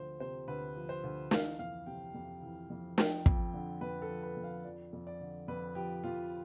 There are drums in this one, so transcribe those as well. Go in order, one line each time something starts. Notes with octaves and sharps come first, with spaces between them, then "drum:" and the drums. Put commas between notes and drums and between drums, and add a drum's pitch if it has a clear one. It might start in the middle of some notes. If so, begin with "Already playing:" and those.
Already playing: D2 F3 C5
C3 C5
D2 B4
F3
C5
D2
E3 F5, drum: snare
F2 F5
C3 G5
F2
E3
F2
F3 G5, drum: snare
F2, drum: kick
D3
F2 B4
A4
F3
B4
F2
F5
F3 D5
F2
D5
D3
F2 B4
F3 G4
F2 F4